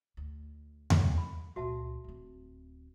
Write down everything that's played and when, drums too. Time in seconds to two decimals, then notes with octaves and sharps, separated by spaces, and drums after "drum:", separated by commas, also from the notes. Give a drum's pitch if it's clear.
0.17 D2
0.90 drum: tom E2
1.18 F#3 B5
1.56 C#2 A#2 F#4 E5 A5
2.04 D1 C4